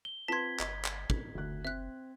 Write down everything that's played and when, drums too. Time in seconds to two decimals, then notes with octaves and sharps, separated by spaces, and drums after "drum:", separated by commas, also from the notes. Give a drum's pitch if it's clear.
0.05 G7
0.28 C4 F4 B4 A5 C6 G#6 B6
0.60 G1 D#5, drum: clap
0.85 drum: clap
1.10 drum: kick
1.35 F#1 D2 F#6
1.65 C4 E5 F#6